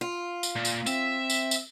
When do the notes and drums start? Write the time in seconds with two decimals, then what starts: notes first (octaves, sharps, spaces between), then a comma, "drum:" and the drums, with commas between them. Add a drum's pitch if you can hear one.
0.01 F4
0.43 drum: tambourine
0.56 A#2
0.65 drum: tambourine
0.86 C4 E5, drum: tambourine
1.30 drum: tambourine
1.51 drum: tambourine